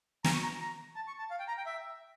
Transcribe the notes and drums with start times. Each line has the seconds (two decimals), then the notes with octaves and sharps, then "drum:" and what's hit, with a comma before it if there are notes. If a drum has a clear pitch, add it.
0.24 A#5, drum: snare
0.33 C#6
0.42 A#5
0.60 A#5
0.95 A5
1.07 C#6
1.19 A5
1.31 F5
1.39 G5
1.48 A#5
1.57 G5
1.66 E5